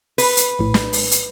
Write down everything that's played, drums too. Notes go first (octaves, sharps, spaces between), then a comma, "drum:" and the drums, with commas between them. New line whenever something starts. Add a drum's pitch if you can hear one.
B4, drum: open hi-hat
drum: hi-hat
A#1 A2
drum: snare
drum: open hi-hat
drum: hi-hat